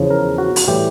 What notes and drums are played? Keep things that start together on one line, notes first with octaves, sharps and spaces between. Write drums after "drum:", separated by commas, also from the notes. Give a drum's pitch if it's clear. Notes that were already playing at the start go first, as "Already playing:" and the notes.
Already playing: E2 C#3 F3
A#4
F#4
drum: open hi-hat
A2 E3 G3 G4